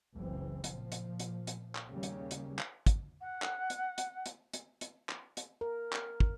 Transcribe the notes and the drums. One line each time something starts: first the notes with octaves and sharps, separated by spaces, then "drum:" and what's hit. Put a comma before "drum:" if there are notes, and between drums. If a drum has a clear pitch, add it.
F#1 C#2 E3 C4
A#2 F3, drum: hi-hat
drum: hi-hat
drum: hi-hat
drum: hi-hat
drum: clap
D#2 C#3 G3 A#3 C#4
drum: hi-hat
drum: hi-hat
drum: clap
drum: kick, hi-hat
F#5
drum: clap
drum: hi-hat
drum: hi-hat
drum: hi-hat
drum: hi-hat
drum: hi-hat
drum: clap
drum: hi-hat
A#4
drum: clap
drum: kick